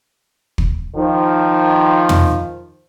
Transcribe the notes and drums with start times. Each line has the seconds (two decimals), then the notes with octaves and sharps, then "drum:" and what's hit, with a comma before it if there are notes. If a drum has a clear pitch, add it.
0.58 drum: kick
0.96 D#3 F3
2.09 drum: tom